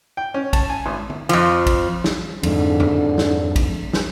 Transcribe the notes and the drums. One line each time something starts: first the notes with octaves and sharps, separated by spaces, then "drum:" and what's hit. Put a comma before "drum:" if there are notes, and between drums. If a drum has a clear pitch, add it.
G5
C#4
A5, drum: kick, cymbal
G#5
G#1
drum: tom
F2 F3, drum: cymbal
drum: kick, cymbal
drum: snare
F2 G#2 D3, drum: cymbal
drum: tom F2
drum: snare
drum: kick, cymbal
drum: snare